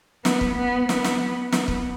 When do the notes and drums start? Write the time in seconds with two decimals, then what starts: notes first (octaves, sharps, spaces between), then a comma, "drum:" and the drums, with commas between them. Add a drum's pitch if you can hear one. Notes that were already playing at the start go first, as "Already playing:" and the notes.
0.25 B3, drum: snare
0.41 drum: kick
0.57 B3
0.89 B3, drum: snare
1.04 drum: snare
1.52 B3, drum: snare
1.68 drum: kick